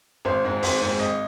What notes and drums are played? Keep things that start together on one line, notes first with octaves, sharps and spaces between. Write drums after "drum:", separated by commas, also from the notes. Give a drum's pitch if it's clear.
G#1 C5
G#2 G#3 C4
G#1 C5, drum: open hi-hat
G#2 G#3 C4
G#1 D#5